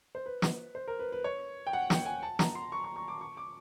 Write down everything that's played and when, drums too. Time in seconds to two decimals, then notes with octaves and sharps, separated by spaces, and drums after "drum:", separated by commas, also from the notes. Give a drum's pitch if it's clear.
0.15 C5
0.26 B4
0.42 drum: snare
0.75 C5
0.88 A#4
0.99 B4
1.12 B4
1.24 C#5
1.67 G5
1.73 F#5
1.90 G5, drum: snare
2.06 G#5
2.23 A5
2.39 A#5, drum: snare
2.55 C6
2.72 C#6
2.84 C#6
2.96 C#6
3.08 D6
3.21 C#6
3.37 D6